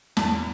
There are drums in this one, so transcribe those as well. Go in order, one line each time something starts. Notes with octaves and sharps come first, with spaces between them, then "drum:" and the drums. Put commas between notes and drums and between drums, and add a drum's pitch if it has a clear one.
E2 A5, drum: snare